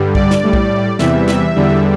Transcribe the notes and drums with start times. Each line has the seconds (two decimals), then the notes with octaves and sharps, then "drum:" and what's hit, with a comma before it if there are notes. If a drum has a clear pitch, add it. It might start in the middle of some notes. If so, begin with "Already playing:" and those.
Already playing: G2 D3 G3
0.15 D5, drum: kick B1
0.31 drum: snare
0.43 A2 G3
0.53 drum: kick B1
0.99 E2 C3 E3 G3 E5, drum: snare
1.28 E5, drum: snare
1.55 E2 D3 G3